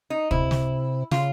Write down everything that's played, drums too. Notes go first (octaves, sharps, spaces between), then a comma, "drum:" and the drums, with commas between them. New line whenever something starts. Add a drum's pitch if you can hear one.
D#4
C3 E4, drum: kick
drum: snare
C#3 F4, drum: snare